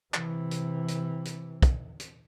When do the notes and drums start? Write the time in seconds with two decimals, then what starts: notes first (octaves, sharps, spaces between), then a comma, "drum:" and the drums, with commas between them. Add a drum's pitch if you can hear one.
0.14 C3 E3, drum: clap
0.51 drum: hi-hat
0.88 drum: hi-hat
1.25 drum: hi-hat
1.62 drum: kick, hi-hat
2.00 drum: hi-hat